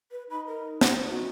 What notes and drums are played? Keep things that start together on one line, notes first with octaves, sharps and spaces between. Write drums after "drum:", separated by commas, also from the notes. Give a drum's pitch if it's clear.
B4
D#4 B5
A#4
C#4 C5, drum: snare
D#4 F#4